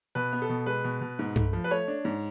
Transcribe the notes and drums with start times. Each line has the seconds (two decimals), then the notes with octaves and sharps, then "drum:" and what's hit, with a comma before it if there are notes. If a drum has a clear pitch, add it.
0.15 B2 B4
0.33 B3
0.42 A4
0.49 B2
0.66 G#3 B4
0.84 B2
1.01 B2
1.19 G#2
1.36 A3, drum: tom G2
1.53 F3
1.64 B4
1.71 A3 C#5
1.88 D4
2.05 G#2